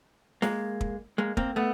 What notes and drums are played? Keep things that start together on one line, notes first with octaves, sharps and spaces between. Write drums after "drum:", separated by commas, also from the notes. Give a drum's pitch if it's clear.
G#3 A#3, drum: snare
drum: kick
G#3 A#3
A#3 C4, drum: kick
A3 B3